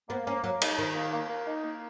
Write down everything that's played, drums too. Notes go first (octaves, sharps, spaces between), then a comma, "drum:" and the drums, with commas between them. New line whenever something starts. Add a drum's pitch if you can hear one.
A#3 B3
A#3 C#4
F#3 A#3
D#4, drum: cymbal
D#3 D#4
A#3
A#3
A#3
D#4
A#3